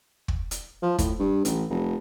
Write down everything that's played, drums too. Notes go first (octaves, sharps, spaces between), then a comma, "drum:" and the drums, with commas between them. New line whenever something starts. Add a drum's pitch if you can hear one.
drum: kick
drum: hi-hat
F3
A2, drum: kick, hi-hat
G2
A1, drum: hi-hat
F1